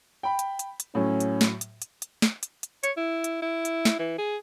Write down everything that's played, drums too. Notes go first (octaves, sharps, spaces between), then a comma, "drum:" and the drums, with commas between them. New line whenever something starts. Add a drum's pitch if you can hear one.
G5 B5
drum: hi-hat
drum: hi-hat
drum: hi-hat
A2 F#3 C#4
drum: hi-hat
drum: snare
drum: hi-hat
drum: hi-hat
drum: hi-hat
drum: snare
drum: hi-hat
drum: hi-hat
C#5, drum: hi-hat
E4
drum: hi-hat
E4
drum: hi-hat
drum: snare
E3
G#4